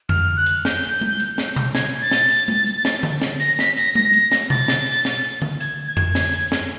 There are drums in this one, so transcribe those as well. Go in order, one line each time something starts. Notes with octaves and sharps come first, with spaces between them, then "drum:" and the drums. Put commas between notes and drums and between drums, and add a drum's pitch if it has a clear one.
F6, drum: tom F2
F#6
drum: hi-hat
G6, drum: snare
drum: hi-hat
drum: tom G#3
drum: hi-hat
drum: snare
drum: tom B2
G#6, drum: snare
A6
drum: snare
drum: hi-hat
drum: tom G#3
drum: hi-hat
drum: snare
drum: tom D3
drum: snare
A#6, drum: hi-hat
B6, drum: snare
A#6, drum: hi-hat
A#6, drum: tom G#3
drum: hi-hat
drum: snare
A6, drum: tom B2
drum: snare
drum: hi-hat
drum: snare
drum: hi-hat
drum: tom D3
G#6, drum: hi-hat
G#6
drum: tom F2
drum: snare
drum: hi-hat
drum: snare